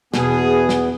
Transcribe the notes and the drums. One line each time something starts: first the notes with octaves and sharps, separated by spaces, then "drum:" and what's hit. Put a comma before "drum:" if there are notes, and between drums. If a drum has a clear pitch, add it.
E2 B2 B3 G#4, drum: snare
drum: snare